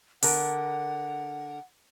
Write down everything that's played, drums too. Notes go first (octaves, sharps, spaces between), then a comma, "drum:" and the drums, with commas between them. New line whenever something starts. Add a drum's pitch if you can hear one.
D3 A#4 F#5, drum: open hi-hat